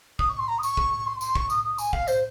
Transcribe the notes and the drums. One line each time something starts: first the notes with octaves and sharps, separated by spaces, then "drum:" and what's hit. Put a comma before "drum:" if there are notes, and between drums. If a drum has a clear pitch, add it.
D#6, drum: kick
C#6
C6
A#5
D#6
C#6, drum: tambourine
drum: kick
C6
C6, drum: tambourine
C#6, drum: kick
D#6, drum: tambourine
D#6
G#5, drum: tambourine
F5, drum: kick
C5, drum: tambourine